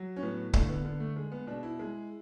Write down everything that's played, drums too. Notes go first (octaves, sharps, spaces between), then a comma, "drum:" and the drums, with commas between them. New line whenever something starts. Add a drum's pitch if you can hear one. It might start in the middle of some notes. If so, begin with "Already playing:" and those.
Already playing: F#3
C#4
A2 B3
D3 A3, drum: kick C#1
B3
D3 B3
A3
G#3
B3
B2 D4
E4
G#3